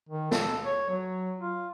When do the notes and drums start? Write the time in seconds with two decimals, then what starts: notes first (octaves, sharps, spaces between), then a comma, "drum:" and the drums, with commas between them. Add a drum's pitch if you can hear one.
0.09 D#3
0.31 A4, drum: snare
0.65 C#5
0.89 F#3
1.39 F4